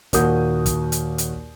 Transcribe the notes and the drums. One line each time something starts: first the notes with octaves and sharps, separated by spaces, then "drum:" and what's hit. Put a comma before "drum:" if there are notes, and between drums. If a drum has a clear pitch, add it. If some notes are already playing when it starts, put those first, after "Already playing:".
D#2 A#2 A#3 F#4 D#6 G6, drum: kick, hi-hat
drum: kick, hi-hat
drum: hi-hat
drum: hi-hat